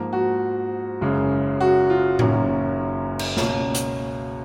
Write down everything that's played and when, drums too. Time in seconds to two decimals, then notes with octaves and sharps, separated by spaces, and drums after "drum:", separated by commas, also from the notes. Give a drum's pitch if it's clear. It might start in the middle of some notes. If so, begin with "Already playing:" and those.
Already playing: G#2 F3 A#3
0.13 F#4
1.01 F#1 F#2 C#3 G#3 C#4
1.61 F#4
1.90 F4
2.19 F#1 F#2 D#3 A#3 C#4, drum: tom A2
3.19 drum: cymbal
3.37 C#2 B2 A#3 C#4, drum: snare
3.75 drum: hi-hat